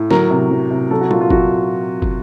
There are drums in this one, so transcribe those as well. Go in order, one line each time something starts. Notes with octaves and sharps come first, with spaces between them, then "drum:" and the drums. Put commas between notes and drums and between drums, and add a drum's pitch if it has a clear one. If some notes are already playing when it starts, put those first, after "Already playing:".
Already playing: A2
F#3 A#4, drum: snare
C3
F#3
C3
F#3 A4
F#4
A#2 F4, drum: tom
F4
F#3 F#4, drum: kick
drum: kick